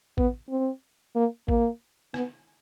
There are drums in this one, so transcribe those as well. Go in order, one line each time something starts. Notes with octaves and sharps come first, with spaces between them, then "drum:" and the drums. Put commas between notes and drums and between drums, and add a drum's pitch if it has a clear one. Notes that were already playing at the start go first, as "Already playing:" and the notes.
B3, drum: kick A1
C4
A#3
A#3, drum: kick A1
B3, drum: rim click